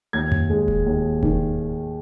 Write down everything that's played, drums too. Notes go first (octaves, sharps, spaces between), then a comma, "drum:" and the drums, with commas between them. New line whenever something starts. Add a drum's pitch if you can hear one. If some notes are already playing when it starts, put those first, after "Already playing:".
D#2 G#6
drum: tom F2
G#3
drum: kick E1
D#2
D#3, drum: kick E1